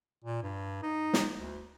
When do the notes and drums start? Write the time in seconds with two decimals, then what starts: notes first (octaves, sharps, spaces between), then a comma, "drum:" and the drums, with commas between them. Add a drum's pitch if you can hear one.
0.24 A#2
0.43 G2
0.83 D#4
1.14 drum: snare
1.36 D2